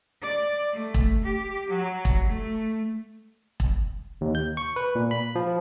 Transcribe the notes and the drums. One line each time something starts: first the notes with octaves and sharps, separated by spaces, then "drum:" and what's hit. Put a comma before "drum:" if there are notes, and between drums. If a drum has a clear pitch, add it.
D5
A3
drum: kick E1
G4
F#3
drum: kick E1
A3
drum: kick E1
D#2
G6
C#6
B4
A#2
B5
F3